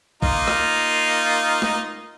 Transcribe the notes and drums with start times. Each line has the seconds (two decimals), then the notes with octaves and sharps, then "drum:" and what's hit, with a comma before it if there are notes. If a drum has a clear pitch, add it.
0.23 A#3 D#4 F4, drum: kick A1
0.48 drum: rim click
1.62 drum: snare